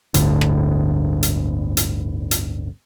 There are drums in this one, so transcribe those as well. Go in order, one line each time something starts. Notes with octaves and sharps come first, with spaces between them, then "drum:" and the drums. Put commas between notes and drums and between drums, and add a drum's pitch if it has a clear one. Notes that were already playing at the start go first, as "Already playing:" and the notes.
G1 D2 A2 D3, drum: hi-hat
drum: rim click
drum: hi-hat
drum: hi-hat
drum: hi-hat